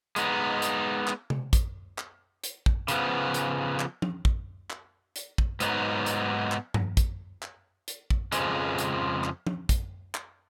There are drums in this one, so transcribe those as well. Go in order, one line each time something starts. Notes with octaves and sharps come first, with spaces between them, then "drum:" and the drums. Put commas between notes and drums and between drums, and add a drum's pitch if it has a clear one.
G#3 B3 D#4, drum: hi-hat
drum: hi-hat
drum: clap
drum: tom C3
drum: kick, hi-hat
drum: clap
drum: hi-hat
drum: kick
C#3 F3 B3, drum: hi-hat
drum: hi-hat
drum: clap
drum: tom F3
drum: kick
drum: clap
drum: hi-hat
drum: kick
G#2 F#3 B3 D#4, drum: hi-hat
drum: hi-hat
drum: clap
drum: tom G2
drum: kick, hi-hat
drum: clap
drum: hi-hat
drum: kick
F2 C#3 F3 G#3, drum: hi-hat
drum: hi-hat
drum: clap
drum: tom F3
drum: kick, hi-hat
drum: clap